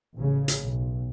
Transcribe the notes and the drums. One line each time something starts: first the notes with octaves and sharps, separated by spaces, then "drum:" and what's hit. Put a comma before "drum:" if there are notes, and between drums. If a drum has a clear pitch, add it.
A1 C#3
drum: hi-hat
B1